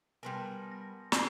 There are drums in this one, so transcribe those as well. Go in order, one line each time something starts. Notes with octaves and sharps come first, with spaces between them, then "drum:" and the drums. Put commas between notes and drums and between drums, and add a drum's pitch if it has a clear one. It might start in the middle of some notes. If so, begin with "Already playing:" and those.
G3 B3 A#4 G#5 C6
A5
A#6
C7, drum: snare